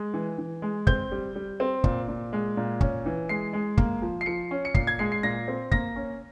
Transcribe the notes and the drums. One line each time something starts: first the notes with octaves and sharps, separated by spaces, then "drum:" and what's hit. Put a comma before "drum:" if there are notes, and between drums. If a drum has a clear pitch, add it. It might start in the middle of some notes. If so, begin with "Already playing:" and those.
Already playing: G#3
E3
E3
G#3
C4 G6, drum: kick
G3
G3
C4
A#2, drum: kick
A#2
G#3
A#2
C#4, drum: kick
E3
G#3 C7
G#3
A#3, drum: kick
F3
C7
F3 C#7
C#4
C#7
A#2 C7, drum: kick
G#6
G#3 C7
C7
A#2 A#6
C4
A#3 A#6, drum: kick
C#4